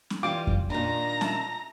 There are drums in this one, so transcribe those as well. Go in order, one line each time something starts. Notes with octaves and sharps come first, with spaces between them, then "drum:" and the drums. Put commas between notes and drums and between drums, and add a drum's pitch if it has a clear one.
drum: snare C#4
E3 G3 F4 F5 G5 D6
drum: kick F2
A#2 D#3 D4 A#5
E5 A5, drum: snare C#4